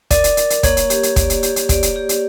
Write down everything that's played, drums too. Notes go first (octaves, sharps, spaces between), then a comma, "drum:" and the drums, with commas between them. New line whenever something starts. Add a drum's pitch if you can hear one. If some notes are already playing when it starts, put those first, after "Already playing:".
A#4 D5, drum: kick, hi-hat
drum: hi-hat
A#4, drum: hi-hat
drum: hi-hat
A#3 C#5, drum: kick, hi-hat
drum: hi-hat
G4, drum: hi-hat
drum: hi-hat
D5, drum: kick, hi-hat
drum: hi-hat
G4, drum: hi-hat
drum: hi-hat
D5, drum: kick, hi-hat
drum: hi-hat
G4
drum: hi-hat